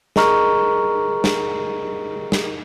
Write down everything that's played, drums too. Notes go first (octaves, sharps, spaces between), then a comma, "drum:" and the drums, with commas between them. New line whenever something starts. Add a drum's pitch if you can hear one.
G#4 A#4 D#5 A#5 C#6 F6, drum: snare
drum: snare
drum: snare